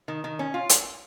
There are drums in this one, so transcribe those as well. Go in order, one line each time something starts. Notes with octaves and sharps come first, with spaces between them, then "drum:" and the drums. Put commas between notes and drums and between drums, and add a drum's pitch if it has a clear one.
D#3
D#3
C#4
F4
drum: hi-hat